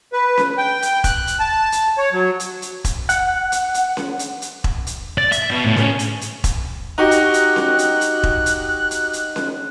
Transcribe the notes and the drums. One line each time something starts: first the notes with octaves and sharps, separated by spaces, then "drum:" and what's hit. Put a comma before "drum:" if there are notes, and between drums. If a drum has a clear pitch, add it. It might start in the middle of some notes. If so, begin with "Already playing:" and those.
B4
drum: snare C#4
G5
drum: hi-hat
F#6, drum: kick E1, hi-hat
drum: hi-hat
A5
drum: hi-hat
C#5
F#3
drum: hi-hat
drum: hi-hat
drum: kick E1, hi-hat
F#5, drum: hi-hat
drum: hi-hat
drum: hi-hat
drum: snare C#4
drum: hi-hat
drum: hi-hat
drum: kick E1
drum: hi-hat
D5
E5, drum: hi-hat
B2
A2
C#3, drum: snare C#4
drum: hi-hat
drum: hi-hat
drum: kick E1, hi-hat
D#4 F#4 G4 F#6
drum: hi-hat
drum: hi-hat
drum: snare C#4
drum: hi-hat
drum: hi-hat
drum: kick E1
drum: hi-hat
drum: hi-hat
drum: hi-hat
drum: snare C#4